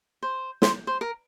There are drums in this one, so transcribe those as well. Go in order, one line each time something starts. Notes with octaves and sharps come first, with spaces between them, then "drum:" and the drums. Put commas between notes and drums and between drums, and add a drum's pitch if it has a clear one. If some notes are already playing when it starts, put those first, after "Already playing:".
C5
C5, drum: snare
C5
A#4